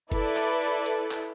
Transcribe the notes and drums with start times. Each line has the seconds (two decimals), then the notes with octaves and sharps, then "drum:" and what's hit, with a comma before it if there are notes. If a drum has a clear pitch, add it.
0.12 E4 A4 B4 D5, drum: kick F#1, hi-hat
0.36 drum: clap
0.61 drum: hi-hat
0.86 drum: hi-hat
1.11 drum: clap